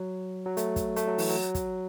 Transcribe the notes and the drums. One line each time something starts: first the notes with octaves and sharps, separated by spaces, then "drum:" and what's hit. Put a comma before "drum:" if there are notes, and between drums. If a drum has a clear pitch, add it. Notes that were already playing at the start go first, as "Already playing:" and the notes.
Already playing: F#3
F#3
A3, drum: hi-hat
drum: kick, hi-hat
A3, drum: hi-hat
F#3
E3, drum: open hi-hat
F#3
drum: kick, hi-hat